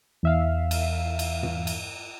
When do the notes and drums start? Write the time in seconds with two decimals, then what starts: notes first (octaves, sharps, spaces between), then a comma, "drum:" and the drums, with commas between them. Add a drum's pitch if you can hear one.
0.23 E2 E5 F5
0.71 drum: cymbal
1.19 drum: cymbal
1.43 drum: tom
1.67 drum: cymbal